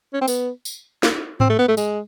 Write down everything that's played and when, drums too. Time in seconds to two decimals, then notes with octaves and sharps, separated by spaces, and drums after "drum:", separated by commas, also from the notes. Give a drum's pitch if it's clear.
0.13 C#4
0.21 C4
0.28 B3, drum: tambourine
0.65 drum: tambourine
1.03 A#3, drum: snare
1.40 C4, drum: tom G#2
1.49 A3
1.59 B3
1.68 A3
1.77 G#3, drum: tambourine